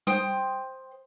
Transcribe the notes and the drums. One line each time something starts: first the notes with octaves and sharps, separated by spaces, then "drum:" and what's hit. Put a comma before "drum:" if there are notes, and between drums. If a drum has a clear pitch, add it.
C5 G5 C6 D#6, drum: tom G3